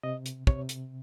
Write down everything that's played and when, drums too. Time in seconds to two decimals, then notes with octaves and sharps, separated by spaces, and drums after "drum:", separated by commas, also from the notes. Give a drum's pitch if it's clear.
0.03 C3 D#5
0.26 drum: hi-hat
0.47 C3 C#5, drum: kick
0.69 drum: hi-hat